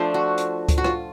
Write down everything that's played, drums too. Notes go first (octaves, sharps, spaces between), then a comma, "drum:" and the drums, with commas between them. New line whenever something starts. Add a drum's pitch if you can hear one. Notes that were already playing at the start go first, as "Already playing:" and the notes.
Already playing: F3 A3 D4 C5
F#4
drum: hi-hat
drum: kick C#2, hi-hat
F#4
F4, drum: rim click